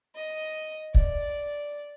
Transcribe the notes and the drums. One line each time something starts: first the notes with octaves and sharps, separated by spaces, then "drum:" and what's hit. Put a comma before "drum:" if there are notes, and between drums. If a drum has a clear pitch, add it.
D#5
D5, drum: kick